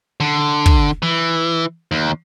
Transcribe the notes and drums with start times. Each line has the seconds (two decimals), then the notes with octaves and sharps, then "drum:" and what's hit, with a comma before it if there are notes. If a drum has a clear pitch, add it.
0.20 D3
0.66 drum: kick
1.02 E3
1.91 D#2